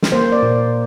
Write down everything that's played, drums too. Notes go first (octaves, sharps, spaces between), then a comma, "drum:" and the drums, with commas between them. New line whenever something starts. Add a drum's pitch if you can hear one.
drum: snare
A#3 C5
D5
A#2